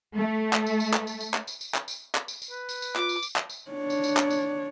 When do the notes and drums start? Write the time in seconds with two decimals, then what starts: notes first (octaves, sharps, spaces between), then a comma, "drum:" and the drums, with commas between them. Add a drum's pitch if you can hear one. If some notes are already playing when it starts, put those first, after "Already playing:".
0.18 A3
0.53 drum: clap
0.67 drum: tambourine
0.80 drum: tambourine
0.94 drum: clap
1.07 drum: tambourine
1.20 drum: tambourine
1.34 drum: clap
1.47 drum: tambourine
1.61 drum: tambourine
1.74 drum: clap
1.88 drum: tambourine
2.15 drum: clap
2.28 drum: tambourine
2.42 drum: tambourine
2.51 B4
2.69 drum: tambourine
2.82 drum: tambourine
2.96 F4 D6, drum: clap
3.09 drum: tambourine
3.23 drum: tambourine
3.36 drum: clap
3.50 drum: tambourine
3.71 D4 C#5
3.90 drum: tambourine
4.03 drum: tambourine
4.17 drum: clap
4.30 drum: tambourine